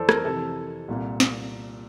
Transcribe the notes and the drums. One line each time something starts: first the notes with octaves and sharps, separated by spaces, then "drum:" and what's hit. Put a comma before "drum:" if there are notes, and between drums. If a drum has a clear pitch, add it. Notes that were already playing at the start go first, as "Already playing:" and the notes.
Already playing: F2 E3 A4 C5 D5
A#4, drum: rim click
F2 C3 E3 A4
C2 A#2
drum: snare